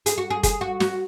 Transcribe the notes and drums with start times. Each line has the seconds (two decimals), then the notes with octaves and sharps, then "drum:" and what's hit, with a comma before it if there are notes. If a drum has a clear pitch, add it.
0.06 G#4, drum: hi-hat
0.18 F#4
0.30 G#4
0.43 G#4, drum: kick, hi-hat
0.61 F#4
0.80 F#4, drum: snare